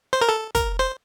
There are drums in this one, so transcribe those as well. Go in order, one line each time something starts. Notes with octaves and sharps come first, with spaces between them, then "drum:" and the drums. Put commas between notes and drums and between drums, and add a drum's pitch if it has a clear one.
C5
A#4
A4
A#4, drum: kick, hi-hat
C5